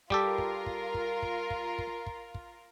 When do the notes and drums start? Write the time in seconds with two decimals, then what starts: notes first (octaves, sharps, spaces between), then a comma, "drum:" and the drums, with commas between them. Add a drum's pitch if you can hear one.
0.10 G3 F4 G4 A4 A#4, drum: kick
0.38 drum: kick
0.66 drum: kick
0.94 drum: kick
1.22 drum: kick
1.50 drum: kick
1.78 drum: kick
2.07 drum: kick
2.35 drum: kick